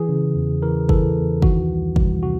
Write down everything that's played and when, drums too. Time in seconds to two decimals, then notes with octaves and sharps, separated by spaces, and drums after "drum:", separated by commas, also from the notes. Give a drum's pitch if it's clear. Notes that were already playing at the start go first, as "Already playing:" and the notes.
Already playing: E3 G#4
0.09 C#3
0.36 E2
0.62 E3 A#4
0.89 E3 A4, drum: kick
1.16 E2
1.42 D#3 F#4, drum: kick
1.70 C2
1.96 C2, drum: kick
2.23 C3 F#4